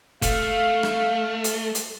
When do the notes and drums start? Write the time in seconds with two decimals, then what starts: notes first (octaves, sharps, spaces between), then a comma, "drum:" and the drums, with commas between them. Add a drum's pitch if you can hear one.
0.22 A3 F5, drum: kick F1, hi-hat
0.83 drum: rim click
1.44 drum: hi-hat
1.75 drum: hi-hat